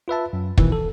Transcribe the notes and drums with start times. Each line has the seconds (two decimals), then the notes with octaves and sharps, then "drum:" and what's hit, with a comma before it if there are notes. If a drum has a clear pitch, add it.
0.08 F4 B4 E5 A5
0.33 F#2
0.58 C2 B2 D#3 E3, drum: kick
0.72 A4